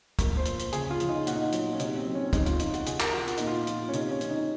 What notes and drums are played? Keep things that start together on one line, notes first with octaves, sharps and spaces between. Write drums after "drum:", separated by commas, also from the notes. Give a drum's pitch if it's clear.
A#2 A#4, drum: kick, hi-hat
C5
F3, drum: hi-hat
drum: hi-hat
C#3 G#4, drum: hi-hat
F4
F3, drum: hi-hat
D#4
A#2 F#4, drum: hi-hat
D#4
F4
F#3, drum: hi-hat
C#4
C3 D#4, drum: hi-hat
C4
F#3
C#4
C#3 D#4, drum: kick, hi-hat
F4, drum: hi-hat
F3 D#4, drum: hi-hat
F#4, drum: hi-hat
C3 G#4, drum: hi-hat
A#4, drum: clap
F3 F#4
F4, drum: hi-hat
A#2 D#4, drum: hi-hat
F4
F3, drum: hi-hat
C#4
C3 D#4, drum: hi-hat
C#4
F3, drum: hi-hat
D#4